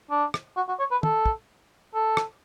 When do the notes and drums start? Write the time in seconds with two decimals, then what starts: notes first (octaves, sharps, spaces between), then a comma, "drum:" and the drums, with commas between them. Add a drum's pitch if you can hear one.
0.11 D4
0.34 drum: rim click
0.56 F#4
0.68 F#4
0.79 C#5
0.91 B4
1.03 A4, drum: tom
1.26 drum: kick
1.94 A4
2.17 drum: rim click